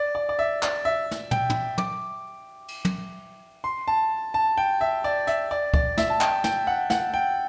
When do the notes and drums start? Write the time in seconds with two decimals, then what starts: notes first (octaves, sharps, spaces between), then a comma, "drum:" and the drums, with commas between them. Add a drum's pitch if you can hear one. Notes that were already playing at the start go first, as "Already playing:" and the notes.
Already playing: D5
0.15 D5
0.29 D5
0.39 E5
0.62 D5, drum: clap
0.85 E5
1.11 drum: snare
1.31 G5, drum: tom
1.50 drum: tom
1.78 D6, drum: tom
2.68 drum: cymbal
2.85 drum: tom
3.64 C6
3.88 A5
4.34 A5
4.58 G5
4.81 E5
5.04 D5
5.27 E5, drum: hi-hat
5.51 D5
5.74 D5, drum: kick
5.98 E5, drum: snare
6.10 A5
6.21 G5, drum: clap
6.44 G5, drum: snare
6.67 F#5
6.90 F#5, drum: snare
7.14 G5